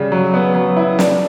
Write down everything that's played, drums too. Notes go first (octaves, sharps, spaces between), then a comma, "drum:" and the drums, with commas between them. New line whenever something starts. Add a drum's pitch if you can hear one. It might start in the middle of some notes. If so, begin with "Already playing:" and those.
Already playing: C#3 G3
F#3
B3
F#3
E4
D4, drum: snare